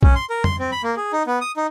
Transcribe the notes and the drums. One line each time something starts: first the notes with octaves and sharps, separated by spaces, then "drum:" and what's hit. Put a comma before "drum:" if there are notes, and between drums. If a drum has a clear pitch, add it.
C#4, drum: kick
C6
A#4
C6, drum: tom F2
C4
B5
A#3
G#4
D#4
B3
D#6
D#4